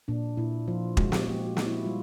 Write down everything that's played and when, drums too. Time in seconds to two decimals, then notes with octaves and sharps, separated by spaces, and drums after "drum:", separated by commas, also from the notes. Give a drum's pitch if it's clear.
0.08 A#2 D4
0.37 A#2 E4
0.68 F3 F4
0.97 G#3 F#4, drum: kick
1.12 drum: snare
1.27 A#3 G4
1.46 F#4
1.57 A#3, drum: snare
1.66 E4
1.85 G3 F4